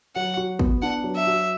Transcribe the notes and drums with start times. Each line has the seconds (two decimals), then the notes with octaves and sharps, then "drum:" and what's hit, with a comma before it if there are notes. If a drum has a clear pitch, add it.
0.16 F#3 F#5
0.37 F#4
0.59 B3, drum: kick
0.82 D4 F#5
1.04 F#3
1.15 E5
1.27 F#4